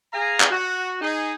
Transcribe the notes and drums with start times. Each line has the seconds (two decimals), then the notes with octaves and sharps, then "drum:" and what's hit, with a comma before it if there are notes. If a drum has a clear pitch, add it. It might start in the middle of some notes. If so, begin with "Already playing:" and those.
0.12 G#4 F5 G#5 A#5
0.40 drum: clap
0.50 F#4
1.01 D#4 G#4